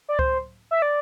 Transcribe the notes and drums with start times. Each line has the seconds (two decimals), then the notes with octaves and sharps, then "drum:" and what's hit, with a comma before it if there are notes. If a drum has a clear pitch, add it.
0.09 D5
0.19 C5, drum: kick C#2
0.71 E5
0.82 D5